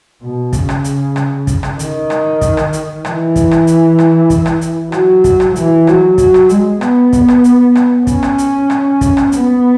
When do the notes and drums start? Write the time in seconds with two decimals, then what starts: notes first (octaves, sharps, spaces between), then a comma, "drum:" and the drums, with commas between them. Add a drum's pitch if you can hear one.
0.21 B2
0.53 C#3, drum: kick, hi-hat
0.69 drum: rim click
0.84 drum: hi-hat
1.16 drum: rim click
1.47 drum: kick, hi-hat
1.63 drum: rim click
1.79 D#3, drum: hi-hat
2.10 drum: rim click
2.41 drum: kick, hi-hat
2.57 drum: rim click
2.73 drum: hi-hat
3.05 E3, drum: rim click
3.36 drum: kick, hi-hat
3.51 drum: rim click
3.67 drum: hi-hat
3.98 drum: rim click
4.30 drum: kick, hi-hat
4.46 drum: rim click
4.61 drum: hi-hat
4.92 F#3, drum: rim click
5.24 drum: kick, hi-hat
5.40 drum: rim click
5.56 E3, drum: hi-hat
5.87 F#3, drum: rim click
6.18 F#3, drum: kick, hi-hat
6.34 drum: rim click
6.49 G#3, drum: hi-hat
6.81 B3, drum: rim click
7.13 drum: kick, hi-hat
7.28 drum: rim click
7.44 drum: hi-hat
7.75 drum: rim click
8.07 C#4, drum: kick, hi-hat
8.23 drum: rim click
8.38 drum: hi-hat
8.70 drum: rim click
9.01 drum: kick, hi-hat
9.17 drum: rim click
9.32 B3, drum: hi-hat